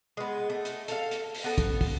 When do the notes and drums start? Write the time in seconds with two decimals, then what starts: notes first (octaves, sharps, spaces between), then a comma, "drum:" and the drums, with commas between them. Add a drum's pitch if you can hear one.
0.17 G#3 B3
0.50 A3
0.65 drum: hi-hat
0.88 A4 F5, drum: hi-hat
1.11 drum: hi-hat
1.35 drum: open hi-hat
1.44 B3 A4
1.58 drum: kick, hi-hat
1.81 drum: kick, open hi-hat